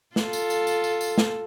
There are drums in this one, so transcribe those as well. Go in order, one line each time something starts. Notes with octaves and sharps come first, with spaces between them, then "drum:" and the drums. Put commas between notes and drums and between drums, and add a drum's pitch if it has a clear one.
F4 A4, drum: snare
drum: tambourine
drum: tambourine
drum: tambourine
drum: tambourine
drum: tambourine
drum: snare